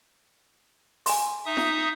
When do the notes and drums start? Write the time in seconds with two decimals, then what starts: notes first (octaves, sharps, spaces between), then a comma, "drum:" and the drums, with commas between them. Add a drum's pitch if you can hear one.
1.06 G#5 C6, drum: open hi-hat
1.46 D#4 E5 D#6
1.57 drum: snare F4